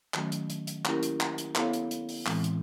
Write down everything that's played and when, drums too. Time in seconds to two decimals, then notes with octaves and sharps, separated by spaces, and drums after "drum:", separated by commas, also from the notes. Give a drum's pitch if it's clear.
0.14 D#3 F#3 A3 C#4 F#4, drum: clap
0.32 drum: hi-hat
0.50 drum: hi-hat
0.67 drum: hi-hat
0.85 A#3 C#4 E4 G4 A#4, drum: clap
1.03 drum: hi-hat
1.20 drum: clap
1.38 drum: hi-hat
1.55 B3 E4 A4 C#5 F5, drum: clap
1.73 drum: hi-hat
1.91 drum: hi-hat
2.09 drum: open hi-hat
2.26 A2 E3 G#3 C4, drum: clap
2.44 drum: hi-hat